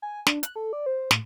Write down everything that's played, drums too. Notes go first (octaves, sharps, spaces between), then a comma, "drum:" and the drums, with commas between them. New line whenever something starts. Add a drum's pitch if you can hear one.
G#5
D4, drum: snare
F#6, drum: hi-hat
A4
D5
C5
A2, drum: snare